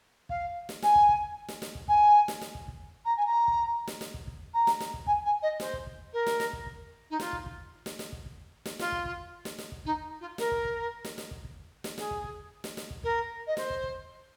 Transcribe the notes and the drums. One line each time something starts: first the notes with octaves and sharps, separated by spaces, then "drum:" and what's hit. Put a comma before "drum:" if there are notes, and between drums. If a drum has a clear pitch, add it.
F5, drum: kick
drum: snare
G#5, drum: snare
drum: kick
drum: kick
drum: snare
drum: snare
drum: kick
G#5, drum: kick
drum: snare
drum: snare
drum: kick
drum: kick
A#5
G#5
A#5
drum: kick
drum: snare
drum: snare
drum: kick
drum: kick
A#5
drum: snare
drum: snare
drum: kick
G#5, drum: kick
G#5
D#5
C5, drum: snare
drum: kick
drum: kick
A#4
drum: snare
drum: snare
drum: kick
drum: kick
D#4
F4, drum: snare
drum: kick
drum: kick
drum: snare
drum: snare
drum: kick
drum: kick
drum: snare
F4, drum: snare
drum: kick
drum: kick
drum: snare
drum: snare
drum: kick
D#4, drum: kick
F4
A#4, drum: snare
drum: kick
drum: kick
drum: snare
drum: snare
drum: kick
drum: kick
drum: snare
G#4, drum: snare
drum: kick
drum: kick
drum: snare
drum: snare
drum: kick
A#4, drum: kick
D#5
C5, drum: snare
drum: kick
drum: kick